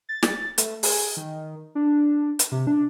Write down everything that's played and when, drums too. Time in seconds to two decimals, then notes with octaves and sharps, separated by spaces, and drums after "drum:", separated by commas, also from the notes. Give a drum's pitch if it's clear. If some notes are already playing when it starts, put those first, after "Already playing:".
0.09 A6
0.23 drum: snare
0.58 A3, drum: hi-hat
0.83 G#4, drum: open hi-hat
1.17 D#3
1.75 D4
2.39 drum: hi-hat
2.52 C3
2.67 D4